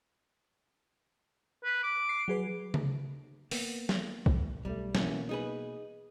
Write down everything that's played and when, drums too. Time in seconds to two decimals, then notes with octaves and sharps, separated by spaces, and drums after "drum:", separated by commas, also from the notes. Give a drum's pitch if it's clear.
1.64 B4
1.83 D6
2.09 C7
2.28 F#3 G#4 B4
2.74 drum: tom C#3
3.51 A#3 B3, drum: open hi-hat
3.89 drum: snare
4.26 drum: kick B1
4.65 B1 F3 G3 A3
4.95 B2 E3 A#3 B3 C#4, drum: snare
5.29 D#4 G#4 B4